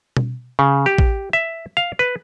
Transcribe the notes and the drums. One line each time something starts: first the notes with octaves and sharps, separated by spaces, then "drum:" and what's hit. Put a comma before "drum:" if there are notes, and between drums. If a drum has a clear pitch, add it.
drum: tom B2
C#3
G4
drum: kick A1
E5
F5
B4